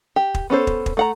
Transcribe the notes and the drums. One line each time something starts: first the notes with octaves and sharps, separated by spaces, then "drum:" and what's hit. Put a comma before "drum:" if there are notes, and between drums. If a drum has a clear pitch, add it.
G4
drum: kick
B3 C#4 A4 C5
drum: kick
drum: kick
A3 F#5 A#5